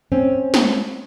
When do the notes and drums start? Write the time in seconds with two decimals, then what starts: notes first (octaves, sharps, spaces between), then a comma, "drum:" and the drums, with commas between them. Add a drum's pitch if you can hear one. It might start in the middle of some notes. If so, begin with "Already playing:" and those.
0.12 C4 C#4
0.54 drum: snare